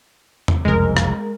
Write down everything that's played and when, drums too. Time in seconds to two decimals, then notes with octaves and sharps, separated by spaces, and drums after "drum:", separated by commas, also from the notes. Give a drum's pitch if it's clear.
0.48 drum: tom E2
0.65 F#1 C2 F2 G#3 A#4
0.97 drum: rim click